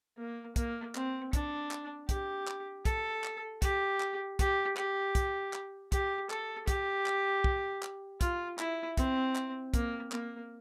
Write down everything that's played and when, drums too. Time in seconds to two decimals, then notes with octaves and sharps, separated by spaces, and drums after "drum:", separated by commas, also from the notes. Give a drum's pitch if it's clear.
0.18 A#3
0.56 A#3, drum: kick, hi-hat
0.95 C4, drum: clap
1.33 D4, drum: kick, hi-hat
1.71 drum: clap
2.09 G4, drum: kick, hi-hat
2.47 drum: clap
2.85 A4, drum: kick, hi-hat
3.24 drum: clap
3.62 G4, drum: kick, hi-hat
4.00 drum: clap
4.39 G4, drum: kick, hi-hat
4.77 G4, drum: clap
5.15 drum: kick, hi-hat
5.53 drum: clap
5.92 G4, drum: kick, hi-hat
6.30 A4, drum: clap
6.68 G4, drum: kick, hi-hat
7.06 drum: clap
7.44 drum: kick
7.83 drum: clap
8.21 F4, drum: kick, hi-hat
8.59 E4, drum: clap
8.97 C4, drum: kick, hi-hat
9.35 drum: clap
9.74 A#3, drum: kick, hi-hat
10.12 A#3, drum: clap